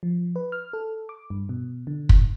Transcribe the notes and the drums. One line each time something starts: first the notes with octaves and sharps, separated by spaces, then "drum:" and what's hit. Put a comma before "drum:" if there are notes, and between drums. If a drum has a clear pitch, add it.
F3
B4
F6
A4
D6
G2
B2
D3
drum: kick